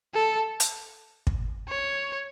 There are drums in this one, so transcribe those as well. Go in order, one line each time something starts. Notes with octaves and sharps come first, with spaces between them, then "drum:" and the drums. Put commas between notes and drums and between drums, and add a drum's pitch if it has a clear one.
A4
drum: hi-hat
drum: kick
C#5